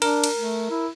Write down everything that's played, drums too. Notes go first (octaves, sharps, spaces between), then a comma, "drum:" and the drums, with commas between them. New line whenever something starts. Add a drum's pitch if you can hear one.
D4 A#4, drum: cymbal
drum: cymbal
A3
E4